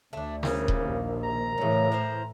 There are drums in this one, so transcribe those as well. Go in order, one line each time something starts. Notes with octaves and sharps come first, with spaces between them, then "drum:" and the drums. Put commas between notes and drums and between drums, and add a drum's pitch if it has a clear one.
D2 A3 D4 E5
C#3 E3 G3 A#3 A#4 C5, drum: snare
drum: kick D#1
A#1 D#2
A#5
A2 C#3 E3 C#4
E4 A#4 C5